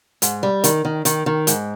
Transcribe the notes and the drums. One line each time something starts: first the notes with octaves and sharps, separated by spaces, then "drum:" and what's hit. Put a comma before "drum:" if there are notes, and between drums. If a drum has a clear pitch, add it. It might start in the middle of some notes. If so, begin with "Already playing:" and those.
G#2, drum: hi-hat
G3
D#3, drum: hi-hat
D#3
D#3, drum: hi-hat
D#3
G#2, drum: hi-hat